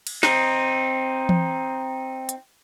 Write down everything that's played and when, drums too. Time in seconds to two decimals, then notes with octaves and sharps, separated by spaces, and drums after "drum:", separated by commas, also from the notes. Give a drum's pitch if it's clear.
0.07 drum: cymbal
0.23 C4 D#4, drum: snare
1.29 drum: tom E3
2.29 drum: hi-hat